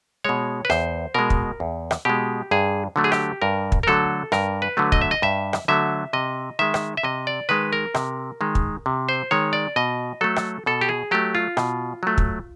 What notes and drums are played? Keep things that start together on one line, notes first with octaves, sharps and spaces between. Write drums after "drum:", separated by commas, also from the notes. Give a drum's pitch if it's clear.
B2 G#3 C#5
B4
E2 C5, drum: rim click
B2 G#3 A#4
drum: kick
E2
drum: rim click
B2 G#3 G4
G2 G#4
D3 F#3 A3
G#4
G4, drum: rim click
G2 A#4
drum: kick
A#4
D3 F#3 A3 A4
G2 A#4, drum: rim click
B4
D3 F#3 A3
D#5, drum: kick
E5
D#5
G2 E5
drum: rim click
D3 F#3 A3 E5
C3 D#5
D#3 G#3 E5
drum: rim click
E5
C3 D#5
D5
D#3 G#3 B4
A#4
C3, drum: rim click
D#3 G#3
drum: kick
C3
C5
D#3 G#3 C#5
D5
B2 D#5
F#3 A3 A4
drum: rim click
B2 A4
G4
G#4
F#3 A3 G4
F4
B2, drum: rim click
F#3 A3
drum: kick